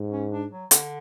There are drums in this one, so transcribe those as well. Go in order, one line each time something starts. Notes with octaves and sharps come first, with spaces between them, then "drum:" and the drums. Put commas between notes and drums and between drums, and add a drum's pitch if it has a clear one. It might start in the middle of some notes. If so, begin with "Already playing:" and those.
Already playing: G#2
C#4
D4
F#3
D3, drum: hi-hat